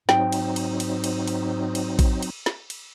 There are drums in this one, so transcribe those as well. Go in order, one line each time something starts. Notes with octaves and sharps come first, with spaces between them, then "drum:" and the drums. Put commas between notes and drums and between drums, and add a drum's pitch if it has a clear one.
G#2 F#3 C4 D#4 G5, drum: snare
drum: cymbal
drum: cymbal
drum: cymbal
drum: cymbal
drum: cymbal
drum: cymbal
drum: kick A1, cymbal
drum: cymbal
drum: snare
drum: cymbal